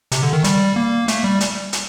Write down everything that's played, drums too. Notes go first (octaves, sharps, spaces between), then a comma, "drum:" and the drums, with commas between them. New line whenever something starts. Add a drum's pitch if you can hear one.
C3, drum: hi-hat
D3
D#3
G3, drum: hi-hat
A#3
A3, drum: hi-hat
G3
drum: hi-hat
drum: hi-hat